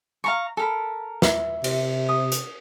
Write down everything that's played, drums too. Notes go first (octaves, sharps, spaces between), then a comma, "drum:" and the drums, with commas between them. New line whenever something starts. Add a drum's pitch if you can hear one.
F5 A#5 C#6
A4 A#4 B5
E5, drum: snare
C3, drum: cymbal
D#6
drum: hi-hat